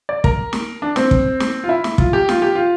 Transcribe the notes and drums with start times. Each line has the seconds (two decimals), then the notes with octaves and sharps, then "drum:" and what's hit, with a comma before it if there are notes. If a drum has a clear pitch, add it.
0.09 D5
0.24 A#4, drum: kick
0.53 drum: snare
0.82 D4
0.96 C4, drum: snare
1.11 drum: kick
1.40 drum: snare
1.64 F4
1.69 E4
1.84 drum: snare
1.98 F4, drum: kick
2.13 G4
2.29 F4, drum: snare
2.42 G4
2.55 F4